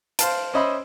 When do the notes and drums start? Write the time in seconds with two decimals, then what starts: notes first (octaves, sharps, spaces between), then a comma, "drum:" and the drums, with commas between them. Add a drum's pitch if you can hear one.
0.19 C5 F5 A5, drum: hi-hat
0.54 C#4 C5 D#5 E5 B5